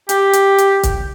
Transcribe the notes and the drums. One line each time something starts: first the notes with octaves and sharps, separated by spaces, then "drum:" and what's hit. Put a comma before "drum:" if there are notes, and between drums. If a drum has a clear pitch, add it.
G4, drum: hi-hat
drum: hi-hat
drum: hi-hat
drum: kick, hi-hat